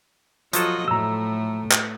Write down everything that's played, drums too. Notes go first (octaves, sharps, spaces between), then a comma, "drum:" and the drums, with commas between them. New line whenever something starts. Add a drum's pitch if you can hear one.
F3 F#3 F4 F#4 A4 D#5, drum: hi-hat
A2 A3 A#5 E6
drum: clap